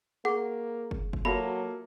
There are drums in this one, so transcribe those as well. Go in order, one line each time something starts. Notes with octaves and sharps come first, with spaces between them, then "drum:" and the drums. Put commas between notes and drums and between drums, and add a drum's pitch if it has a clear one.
A#3 G#4 F#5 C#6
drum: kick
drum: kick
F#3 A#3 F4 F#4 A4 E5 B5